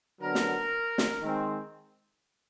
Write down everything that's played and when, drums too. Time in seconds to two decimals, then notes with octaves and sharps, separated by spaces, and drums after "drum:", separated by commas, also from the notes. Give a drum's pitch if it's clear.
0.21 D3 F#3 B3 A#4
0.35 drum: snare
0.98 drum: snare
1.21 D#3 G#3 C4